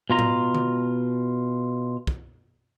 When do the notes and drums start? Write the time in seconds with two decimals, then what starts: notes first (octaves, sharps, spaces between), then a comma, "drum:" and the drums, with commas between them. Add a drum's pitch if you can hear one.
0.10 B2 F4 A#5
0.19 drum: tom A2
0.55 drum: tom D3
2.07 drum: kick